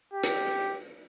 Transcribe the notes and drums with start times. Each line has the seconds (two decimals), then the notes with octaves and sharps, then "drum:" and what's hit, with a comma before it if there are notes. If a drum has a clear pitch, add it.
0.14 G4
0.24 drum: hi-hat